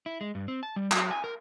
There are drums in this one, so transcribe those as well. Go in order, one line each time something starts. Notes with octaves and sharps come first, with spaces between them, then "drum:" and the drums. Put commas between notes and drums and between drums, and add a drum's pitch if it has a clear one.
E4
G#3
G2
C4
A5
G3
F#3, drum: clap
G#5
A#4